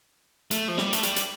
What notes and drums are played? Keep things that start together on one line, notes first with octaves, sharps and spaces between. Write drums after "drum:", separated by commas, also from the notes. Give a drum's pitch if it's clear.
A3, drum: hi-hat
F3
G3, drum: snare
A3, drum: hi-hat
G3, drum: hi-hat
drum: hi-hat